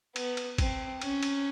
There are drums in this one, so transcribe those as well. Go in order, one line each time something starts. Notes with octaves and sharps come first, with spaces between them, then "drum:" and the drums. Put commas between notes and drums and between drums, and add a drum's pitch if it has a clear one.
B3, drum: cymbal
drum: cymbal
C4, drum: kick G#1, cymbal
C#4, drum: cymbal
drum: cymbal